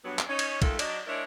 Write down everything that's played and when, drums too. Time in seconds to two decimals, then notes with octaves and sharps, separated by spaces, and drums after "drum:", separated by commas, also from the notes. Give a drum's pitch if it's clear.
0.04 G2 F#3 B3
0.19 drum: clap
0.29 C#4 D#4 C#5
0.39 drum: cymbal
0.62 D#3 G#3 A3 F4 A4, drum: kick, cymbal
0.79 F#3 D4 D#5, drum: cymbal
1.07 G#3 D4 E4 A#4 C#5 D#5